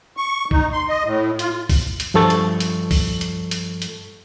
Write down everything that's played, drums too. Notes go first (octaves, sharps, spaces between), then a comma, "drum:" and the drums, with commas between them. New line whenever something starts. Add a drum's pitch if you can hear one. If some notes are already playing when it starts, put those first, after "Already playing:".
C#6
D#4, drum: kick B1
C6
D#5
A2
F4, drum: hi-hat
drum: kick B1, open hi-hat
drum: hi-hat
G2 F3 A4 C#6 A6
drum: hi-hat
drum: hi-hat
drum: kick B1, open hi-hat
drum: hi-hat
drum: hi-hat
drum: hi-hat